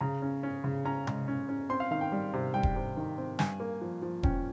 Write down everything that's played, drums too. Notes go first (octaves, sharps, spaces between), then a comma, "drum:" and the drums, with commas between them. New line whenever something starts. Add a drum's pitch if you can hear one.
C#3 A#5
C#4
C#4
C#3
C#4 A#5
G#3, drum: tom C3
C#4
C#4
C4 C6
F5
D#3 F5
G5
G3
C3
G3 G5
drum: kick E1
C3
D#3
C4
G2 G#5, drum: snare
A#3
F3
F3
C#4 G5, drum: kick E1